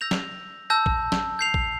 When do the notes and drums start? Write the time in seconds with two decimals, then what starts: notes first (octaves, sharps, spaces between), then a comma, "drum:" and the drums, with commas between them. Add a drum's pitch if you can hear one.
0.01 E6 G6 A#6 F7
0.11 drum: snare
0.70 A5 E6 G6 A#6
0.86 drum: kick
1.12 drum: snare
1.39 G6 C7 F7
1.54 drum: kick